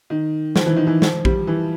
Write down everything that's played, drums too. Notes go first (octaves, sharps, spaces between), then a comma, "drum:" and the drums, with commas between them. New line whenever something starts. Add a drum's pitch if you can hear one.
D#3
F3, drum: snare
E3
D#3
E3
F3, drum: snare
G3, drum: kick A#1
E3